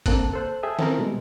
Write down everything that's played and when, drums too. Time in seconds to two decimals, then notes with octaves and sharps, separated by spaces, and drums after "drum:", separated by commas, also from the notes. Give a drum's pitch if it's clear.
0.06 D3 A#3 C4 A5 F#6, drum: kick, hi-hat
0.33 A4 C5 F#6
0.63 G#4 E5 G5 A5 D#6
0.79 D#3 C4 C#4 E4 A4 A#4, drum: snare
0.98 B2 G3 G#3